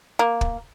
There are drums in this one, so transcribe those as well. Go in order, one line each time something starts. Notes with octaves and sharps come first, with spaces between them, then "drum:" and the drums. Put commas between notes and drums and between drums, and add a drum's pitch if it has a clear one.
A#3
drum: kick